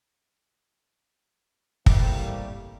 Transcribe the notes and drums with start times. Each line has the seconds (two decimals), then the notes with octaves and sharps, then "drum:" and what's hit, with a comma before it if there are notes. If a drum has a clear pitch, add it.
1.86 C3 E3 G3 A3 A#3, drum: kick